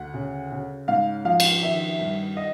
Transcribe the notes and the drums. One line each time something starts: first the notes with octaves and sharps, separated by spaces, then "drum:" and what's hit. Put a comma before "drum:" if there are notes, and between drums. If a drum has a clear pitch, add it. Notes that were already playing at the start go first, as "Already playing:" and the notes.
Already playing: D2 F#5
C#3
C#3
G#2 F5
F3 F5
drum: cymbal
D#3 E5
G2
D#5